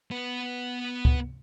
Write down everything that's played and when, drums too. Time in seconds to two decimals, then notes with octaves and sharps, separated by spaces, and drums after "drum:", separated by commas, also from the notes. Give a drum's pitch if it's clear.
0.11 B3 B4
1.05 drum: kick C#2